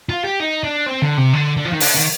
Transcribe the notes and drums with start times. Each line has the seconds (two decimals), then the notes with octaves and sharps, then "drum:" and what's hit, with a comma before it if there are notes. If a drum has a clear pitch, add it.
0.09 F4
0.24 G4
0.40 D#4
0.64 D4
0.86 C4
1.02 D3
1.17 C3
1.34 D3
1.57 D3
1.65 F3
1.73 D#3
1.80 D3, drum: open hi-hat
1.96 D#3